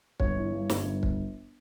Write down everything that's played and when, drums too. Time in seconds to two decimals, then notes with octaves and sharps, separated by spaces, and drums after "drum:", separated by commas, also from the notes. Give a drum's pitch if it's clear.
0.20 G1 C#5, drum: kick
0.37 E3
0.53 G2
0.70 G1, drum: snare
0.86 G1
1.03 drum: kick